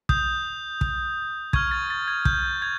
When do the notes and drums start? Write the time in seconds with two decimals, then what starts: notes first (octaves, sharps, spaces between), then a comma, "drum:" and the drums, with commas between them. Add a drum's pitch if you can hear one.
0.09 D#6 G6, drum: kick
0.81 drum: kick
1.53 C#6 F6 G#6, drum: kick
1.71 A6
1.90 A6
2.08 G#6
2.25 G6, drum: kick
2.62 G#6